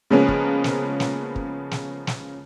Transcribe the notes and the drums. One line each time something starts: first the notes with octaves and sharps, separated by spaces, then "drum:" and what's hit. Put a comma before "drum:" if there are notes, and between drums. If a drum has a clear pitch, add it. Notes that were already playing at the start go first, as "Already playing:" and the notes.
C#3 F3 G#3 A#3 B3 C#4
drum: kick
drum: snare
drum: snare
drum: kick
drum: snare
drum: snare